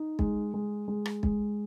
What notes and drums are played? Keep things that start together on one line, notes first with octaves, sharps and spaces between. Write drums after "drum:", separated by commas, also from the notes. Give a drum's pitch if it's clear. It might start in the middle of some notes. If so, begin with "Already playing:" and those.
Already playing: D#4
G#3, drum: kick
G#3
G#3
drum: rim click
G#3, drum: kick